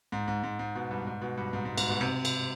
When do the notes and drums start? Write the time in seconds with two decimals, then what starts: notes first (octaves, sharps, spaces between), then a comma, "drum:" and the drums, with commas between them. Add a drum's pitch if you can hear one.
0.12 G#2
0.28 G#2
0.43 G#2
0.59 G#2
0.75 B2
0.91 G2
1.07 G#2
1.22 B2
1.37 G2
1.53 G#2
1.65 G#2
1.78 G#2, drum: cymbal
1.89 B2
2.01 C3
2.25 drum: cymbal